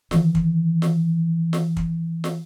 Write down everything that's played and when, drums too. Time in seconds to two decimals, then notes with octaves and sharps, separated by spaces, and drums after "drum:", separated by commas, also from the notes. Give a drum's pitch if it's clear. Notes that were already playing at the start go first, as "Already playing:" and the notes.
0.11 D#3 E3, drum: snare
0.35 drum: kick
0.82 drum: snare
1.53 drum: snare
1.77 drum: kick
2.24 drum: snare